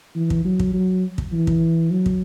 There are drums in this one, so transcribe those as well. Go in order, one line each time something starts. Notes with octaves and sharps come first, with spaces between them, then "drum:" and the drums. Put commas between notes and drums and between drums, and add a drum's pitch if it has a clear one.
E3
drum: kick
F#3
drum: kick
F#3
drum: kick
E3
drum: kick
F#3
drum: kick